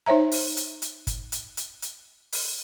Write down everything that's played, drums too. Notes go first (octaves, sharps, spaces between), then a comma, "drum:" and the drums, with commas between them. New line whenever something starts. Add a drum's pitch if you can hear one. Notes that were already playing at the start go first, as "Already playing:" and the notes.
D#4 C5 C#5 E5 A#5
drum: open hi-hat
drum: hi-hat
drum: hi-hat
drum: kick, hi-hat
drum: hi-hat
drum: hi-hat
drum: hi-hat
drum: open hi-hat